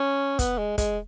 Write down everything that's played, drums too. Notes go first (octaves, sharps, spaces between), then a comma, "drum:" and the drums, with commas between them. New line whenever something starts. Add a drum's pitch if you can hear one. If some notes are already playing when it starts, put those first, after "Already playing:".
Already playing: C#4
B3, drum: kick, hi-hat
G#3
G#3, drum: kick, hi-hat